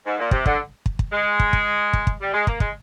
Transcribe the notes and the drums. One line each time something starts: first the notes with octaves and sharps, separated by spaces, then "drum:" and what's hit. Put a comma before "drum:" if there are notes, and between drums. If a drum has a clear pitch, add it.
G#2
A#2
C3, drum: kick
D3, drum: kick
drum: kick
drum: kick
G#3
drum: kick
drum: kick
drum: kick
drum: kick
G3
G#3
A#3, drum: kick
G#3, drum: kick